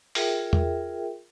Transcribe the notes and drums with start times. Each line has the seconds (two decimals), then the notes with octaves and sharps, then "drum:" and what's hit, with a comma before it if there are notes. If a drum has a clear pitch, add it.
0.15 F4 G#4 A#4 E5 G5, drum: open hi-hat
0.53 drum: tom E2